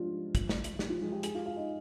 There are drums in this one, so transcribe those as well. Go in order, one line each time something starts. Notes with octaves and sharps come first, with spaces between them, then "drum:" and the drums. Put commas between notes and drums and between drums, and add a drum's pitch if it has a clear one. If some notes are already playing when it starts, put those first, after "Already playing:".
Already playing: F3 G3 G#3 D4 F4
drum: kick, hi-hat
drum: snare
drum: hi-hat
G3 G4, drum: snare
F3 F4
G#3 G#4
G4 G5
G#4 G#5, drum: hi-hat
F4 F5
F4 F5
D#4 D#5